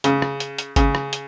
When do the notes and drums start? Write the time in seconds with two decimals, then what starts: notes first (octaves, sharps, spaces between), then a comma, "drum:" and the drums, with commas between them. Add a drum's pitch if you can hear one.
0.04 C#3, drum: hi-hat
0.22 drum: rim click
0.40 drum: hi-hat
0.58 drum: hi-hat
0.76 C#3, drum: kick G1, hi-hat
0.95 drum: rim click
1.13 drum: hi-hat